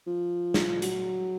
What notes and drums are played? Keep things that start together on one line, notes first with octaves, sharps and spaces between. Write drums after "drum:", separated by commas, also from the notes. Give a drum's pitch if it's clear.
F3
drum: snare
F#3, drum: hi-hat